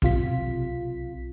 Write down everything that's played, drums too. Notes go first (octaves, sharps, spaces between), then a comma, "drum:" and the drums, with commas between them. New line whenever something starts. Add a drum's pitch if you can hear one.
B1 C3 F4 B6, drum: kick